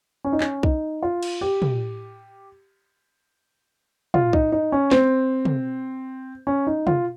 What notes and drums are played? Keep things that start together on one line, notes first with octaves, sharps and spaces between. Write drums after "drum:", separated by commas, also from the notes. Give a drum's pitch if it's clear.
C#4
D#4
C#4, drum: clap
D#4, drum: kick B1
F4
drum: cymbal
G4
drum: tom
F4, drum: tom
D#4, drum: kick B1
D#4
C#4
C4, drum: snare
drum: tom
C#4
D#4
F4, drum: tom